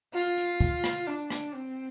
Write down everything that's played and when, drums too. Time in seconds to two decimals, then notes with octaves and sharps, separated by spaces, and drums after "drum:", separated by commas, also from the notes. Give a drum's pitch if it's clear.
0.13 F4
0.37 drum: hi-hat
0.61 drum: kick
0.84 drum: rim click
1.07 D4
1.30 drum: rim click
1.54 C4